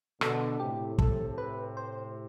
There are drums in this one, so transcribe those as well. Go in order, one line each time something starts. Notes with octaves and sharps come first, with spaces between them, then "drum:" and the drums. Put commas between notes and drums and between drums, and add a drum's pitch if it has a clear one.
B2 D3 A4, drum: rim click
A2 C3 G4
A2 C3 A4, drum: kick
B4
C5